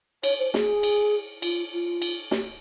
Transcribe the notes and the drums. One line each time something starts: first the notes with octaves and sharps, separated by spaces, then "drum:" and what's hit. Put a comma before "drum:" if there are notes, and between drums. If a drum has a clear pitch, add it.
C#5, drum: cymbal
C5
G#4, drum: snare
drum: cymbal
F4, drum: cymbal
F4
drum: cymbal
G4, drum: snare